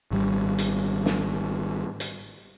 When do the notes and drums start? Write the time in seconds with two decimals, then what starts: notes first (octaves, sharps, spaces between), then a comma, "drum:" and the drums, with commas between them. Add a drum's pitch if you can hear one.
0.11 G#1 G3
0.59 drum: hi-hat
1.06 drum: snare
2.00 drum: hi-hat